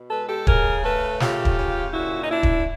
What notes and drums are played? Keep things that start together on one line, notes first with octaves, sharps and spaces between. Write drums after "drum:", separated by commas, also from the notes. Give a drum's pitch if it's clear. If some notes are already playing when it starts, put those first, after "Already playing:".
Already playing: B2
G#3 A4 B4
G4 A4
C#3 G#4 A#4, drum: kick
A3 A4 B4
C#3 F4 G4, drum: snare
drum: kick
C#3
A#2 E4 F#4
D#4
A#2 D4 E4
drum: kick